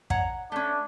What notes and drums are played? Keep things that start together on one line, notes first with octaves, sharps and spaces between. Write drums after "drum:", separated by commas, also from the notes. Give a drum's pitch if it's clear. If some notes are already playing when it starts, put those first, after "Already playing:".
C#5 F#5 A#5, drum: kick
A3 C#4 D4